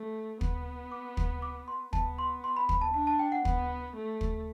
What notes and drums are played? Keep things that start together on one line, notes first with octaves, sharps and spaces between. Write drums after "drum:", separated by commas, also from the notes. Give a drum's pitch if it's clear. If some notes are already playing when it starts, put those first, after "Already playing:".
Already playing: A3
B3, drum: kick
D6
drum: kick
D6
C6
B3 A5, drum: kick
C6
C6
B5
B5, drum: kick
A5
D4 A5
A5
G5
F#5
B3, drum: kick
A3
drum: kick